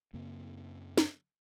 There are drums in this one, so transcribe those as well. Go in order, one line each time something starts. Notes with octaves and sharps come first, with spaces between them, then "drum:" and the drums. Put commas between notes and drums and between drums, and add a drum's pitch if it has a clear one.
F#2 C#3 A#3 C4
drum: snare